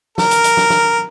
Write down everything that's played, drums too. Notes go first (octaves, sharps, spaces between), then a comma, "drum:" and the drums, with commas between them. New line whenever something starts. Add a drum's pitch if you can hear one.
A#4, drum: snare
drum: hi-hat
drum: hi-hat
drum: snare
drum: snare